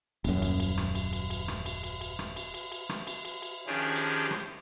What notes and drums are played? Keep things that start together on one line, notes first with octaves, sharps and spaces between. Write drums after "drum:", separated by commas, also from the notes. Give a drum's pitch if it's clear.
D#1 F#2, drum: cymbal
drum: cymbal
drum: cymbal
drum: rim click
drum: cymbal
drum: cymbal
drum: cymbal
drum: rim click
drum: cymbal
drum: cymbal
drum: cymbal
drum: rim click
drum: cymbal
drum: cymbal
drum: cymbal
drum: rim click
drum: cymbal
drum: cymbal
drum: cymbal
D#3 F3 C#4 D4 G4 G#4
drum: cymbal
drum: rim click